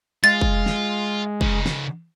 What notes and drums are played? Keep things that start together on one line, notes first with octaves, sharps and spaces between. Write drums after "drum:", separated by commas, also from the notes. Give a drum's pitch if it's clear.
G#3 F4 A6
drum: kick
drum: snare
C#3 D#4, drum: kick
drum: snare